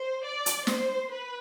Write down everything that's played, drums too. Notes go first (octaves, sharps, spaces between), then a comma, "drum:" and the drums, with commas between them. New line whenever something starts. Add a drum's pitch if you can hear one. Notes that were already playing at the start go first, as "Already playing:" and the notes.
Already playing: C5
D5
drum: hi-hat
C5, drum: snare
B4